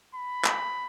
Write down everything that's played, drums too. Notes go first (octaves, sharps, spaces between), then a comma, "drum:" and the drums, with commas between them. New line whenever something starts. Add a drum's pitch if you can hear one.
B5
drum: clap